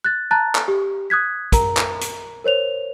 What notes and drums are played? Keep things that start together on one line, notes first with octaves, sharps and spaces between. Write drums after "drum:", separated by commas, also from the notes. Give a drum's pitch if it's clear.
F#6 A6
A5 A#5 F#6 A6
drum: clap
G4
D#6 F#6 G#6 B6
A#4 A#5, drum: kick, hi-hat
drum: clap
drum: hi-hat
A#4 C5 C#5 F7